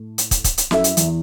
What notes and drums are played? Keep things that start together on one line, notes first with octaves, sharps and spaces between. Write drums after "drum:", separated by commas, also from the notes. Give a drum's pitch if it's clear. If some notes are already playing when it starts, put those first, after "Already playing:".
Already playing: A2 A3
drum: hi-hat
drum: kick, hi-hat
drum: kick, hi-hat
drum: hi-hat
F#2 F#3 E4 A4 E5, drum: snare
drum: hi-hat
E2 E3, drum: hi-hat